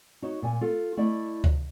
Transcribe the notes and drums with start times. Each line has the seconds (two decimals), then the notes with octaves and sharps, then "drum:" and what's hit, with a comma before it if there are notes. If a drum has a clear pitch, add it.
0.22 D#4 F#4 C#5 D#5
0.42 A#2 G#5
0.61 F4 A4
0.97 A3 E4 D5 D#5
1.44 drum: kick C#2